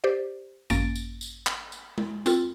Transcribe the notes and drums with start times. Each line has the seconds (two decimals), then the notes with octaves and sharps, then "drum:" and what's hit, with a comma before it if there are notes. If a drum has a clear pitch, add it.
0.04 G4 C5 D5
0.70 G#1 F#2 A#3 C#4 A6 D7, drum: tambourine
0.96 drum: tambourine
1.21 drum: tambourine
1.47 drum: clap
1.72 drum: tambourine
1.98 drum: tom G#3
2.26 C4 F4 A4, drum: tambourine